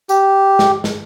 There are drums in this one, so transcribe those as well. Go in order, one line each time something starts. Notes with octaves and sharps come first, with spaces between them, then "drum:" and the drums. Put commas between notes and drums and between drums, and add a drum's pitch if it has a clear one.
G4, drum: tambourine
drum: snare
drum: snare